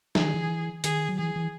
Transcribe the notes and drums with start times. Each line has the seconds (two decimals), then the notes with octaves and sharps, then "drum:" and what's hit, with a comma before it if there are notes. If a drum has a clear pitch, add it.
0.15 E3 G#4, drum: snare
0.24 D#3
0.34 E3
0.84 D#3 G#4, drum: hi-hat
1.09 F#3
1.19 E3 G#4
1.36 E3